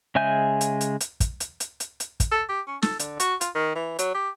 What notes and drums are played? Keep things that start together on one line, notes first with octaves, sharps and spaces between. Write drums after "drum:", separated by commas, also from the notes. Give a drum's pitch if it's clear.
C#3 G#3 E5 G#5 G6
drum: hi-hat
drum: hi-hat
drum: hi-hat
drum: kick, hi-hat
drum: hi-hat
drum: hi-hat
drum: hi-hat
drum: hi-hat
drum: kick, hi-hat
A4
G4
C#4
A4, drum: snare
D3, drum: hi-hat
F#4, drum: hi-hat
F4, drum: hi-hat
D#3
E3
F#3, drum: hi-hat
G4